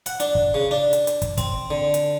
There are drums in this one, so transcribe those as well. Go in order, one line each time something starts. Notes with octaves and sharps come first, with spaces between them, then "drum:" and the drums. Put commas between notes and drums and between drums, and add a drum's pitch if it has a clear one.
F#5, drum: hi-hat
D4, drum: hi-hat
drum: kick
C#3
D4
drum: hi-hat
drum: hi-hat
drum: kick, hi-hat
C4, drum: kick, hi-hat
D3
drum: hi-hat